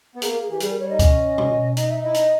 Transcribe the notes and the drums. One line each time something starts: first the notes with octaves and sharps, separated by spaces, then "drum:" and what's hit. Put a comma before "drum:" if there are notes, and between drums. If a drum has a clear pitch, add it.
B3
A#3 G#4, drum: hi-hat
A#4
G#4
E3 G4
G3 G#4, drum: hi-hat
A#4
G3 C#5
D#4 D#5
C#4, drum: kick C#2, hi-hat
drum: tom B2
D#4 D#5, drum: hi-hat
E5
D#4
E4 D#5
D#4, drum: hi-hat